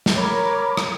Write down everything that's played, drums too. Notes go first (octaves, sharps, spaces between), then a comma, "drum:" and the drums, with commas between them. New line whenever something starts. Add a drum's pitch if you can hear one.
drum: snare
A#4 C#5 B5 D6
drum: rim click